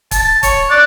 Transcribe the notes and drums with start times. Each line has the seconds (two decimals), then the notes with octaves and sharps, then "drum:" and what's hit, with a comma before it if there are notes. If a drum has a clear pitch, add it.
0.11 A5, drum: kick, hi-hat
0.43 C#5, drum: kick, hi-hat
0.70 D5 F#6